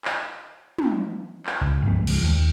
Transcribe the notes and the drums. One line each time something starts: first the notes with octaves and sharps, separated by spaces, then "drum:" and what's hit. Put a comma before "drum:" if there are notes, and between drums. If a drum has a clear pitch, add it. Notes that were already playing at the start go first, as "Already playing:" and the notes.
drum: clap
drum: tom
drum: clap
C#2
G2 F3 A3 B3
C#2 F3 G#3, drum: cymbal
D#2